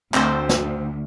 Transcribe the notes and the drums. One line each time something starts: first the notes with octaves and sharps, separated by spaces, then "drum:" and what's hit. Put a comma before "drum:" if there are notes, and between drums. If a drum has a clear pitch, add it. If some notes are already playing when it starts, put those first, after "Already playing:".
D2 C4 C5, drum: clap
drum: snare